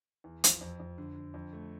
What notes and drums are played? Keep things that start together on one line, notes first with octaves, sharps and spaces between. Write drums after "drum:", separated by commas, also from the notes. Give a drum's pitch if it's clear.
E2
F3, drum: hi-hat
F2
F2
D3
D3
F2
A3